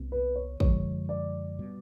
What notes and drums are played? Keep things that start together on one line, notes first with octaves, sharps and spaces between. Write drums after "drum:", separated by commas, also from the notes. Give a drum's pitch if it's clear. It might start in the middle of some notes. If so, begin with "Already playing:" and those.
Already playing: C2 B2 C4
B4
C#5
F#2 D3 F3 G#3 C#5, drum: kick
D5
B2 G3